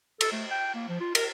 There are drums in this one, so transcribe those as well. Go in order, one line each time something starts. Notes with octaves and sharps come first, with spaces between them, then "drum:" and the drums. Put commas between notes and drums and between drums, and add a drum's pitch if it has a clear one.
A4, drum: cymbal
A3
G5
A#3
F3
F4
A#4, drum: cymbal